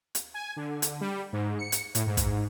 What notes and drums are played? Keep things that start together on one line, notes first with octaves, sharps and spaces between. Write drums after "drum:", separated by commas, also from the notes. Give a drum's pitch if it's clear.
drum: hi-hat
G#5
D3
drum: hi-hat
G3
G#2
C#7
drum: hi-hat
A2, drum: hi-hat
G#2
drum: kick, hi-hat